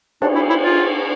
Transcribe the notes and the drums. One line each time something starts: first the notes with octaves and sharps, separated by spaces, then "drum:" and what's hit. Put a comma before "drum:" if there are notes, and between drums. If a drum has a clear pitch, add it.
D4, drum: cymbal
E4
E4
F4